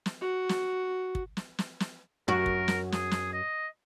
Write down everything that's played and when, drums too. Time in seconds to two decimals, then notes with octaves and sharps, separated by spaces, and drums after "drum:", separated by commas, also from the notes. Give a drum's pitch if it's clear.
0.06 drum: snare
0.21 F#4
0.49 drum: snare
1.15 drum: kick
1.37 drum: snare
1.59 drum: snare
1.80 drum: snare
2.28 F#2 F#4 A#4
2.46 drum: kick
2.68 drum: snare
2.92 G#4, drum: snare
3.11 drum: snare
3.33 D#5